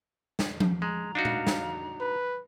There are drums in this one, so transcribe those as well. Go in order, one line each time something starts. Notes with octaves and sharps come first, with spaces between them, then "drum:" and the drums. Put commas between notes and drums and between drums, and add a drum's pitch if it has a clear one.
drum: snare
drum: tom F3
G#3 A#5
D4 D#4 F#4 F5
drum: tom A#2
drum: snare
B4